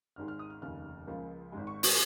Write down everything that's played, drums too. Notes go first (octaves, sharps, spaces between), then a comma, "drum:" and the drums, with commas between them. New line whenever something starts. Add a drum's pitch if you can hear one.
G#1 G#2 D#3 G#3 F6
F6
D#6
F6
F1 D#2 C#3 F6
C#2 C#3 F3 A#3
G#1 G#2 G#3
C#6
C#6, drum: open hi-hat